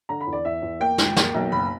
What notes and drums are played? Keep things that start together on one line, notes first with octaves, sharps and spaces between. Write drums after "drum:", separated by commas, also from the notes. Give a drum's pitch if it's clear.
D3 A#5
B5
E2
D5
E2 E5
E2
A#3 G5
C#2, drum: snare
A#3, drum: snare
B1
F#1 B5